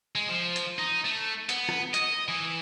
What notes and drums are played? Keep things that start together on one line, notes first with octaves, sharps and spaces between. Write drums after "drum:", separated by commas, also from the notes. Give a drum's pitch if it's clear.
G#3
F3
drum: hi-hat
D#4
A3
B3, drum: hi-hat
drum: rim click
D#5, drum: hi-hat
E3